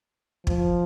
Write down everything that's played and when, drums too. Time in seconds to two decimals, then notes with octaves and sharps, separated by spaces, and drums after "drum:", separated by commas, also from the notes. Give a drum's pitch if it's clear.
0.47 F3, drum: kick